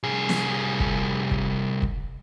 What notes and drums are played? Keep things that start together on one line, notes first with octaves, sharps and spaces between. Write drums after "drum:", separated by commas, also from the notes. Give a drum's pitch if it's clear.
C2 G#4
drum: snare
drum: kick
drum: kick
drum: kick